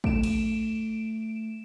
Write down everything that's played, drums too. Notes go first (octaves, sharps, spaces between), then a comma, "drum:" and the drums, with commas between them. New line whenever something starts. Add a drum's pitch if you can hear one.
A3 D7 E7, drum: kick
drum: cymbal